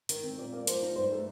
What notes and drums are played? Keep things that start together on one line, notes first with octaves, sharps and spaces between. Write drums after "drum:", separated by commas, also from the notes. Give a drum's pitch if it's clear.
D#3, drum: hi-hat
C4
A#2 D5
A#3 D5
F3 C5, drum: hi-hat
D#4
G2 C5
A3 A4